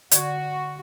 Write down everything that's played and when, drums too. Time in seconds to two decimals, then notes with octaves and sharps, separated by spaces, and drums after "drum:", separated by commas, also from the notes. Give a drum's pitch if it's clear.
0.11 D3 F#4 D5 G#6, drum: hi-hat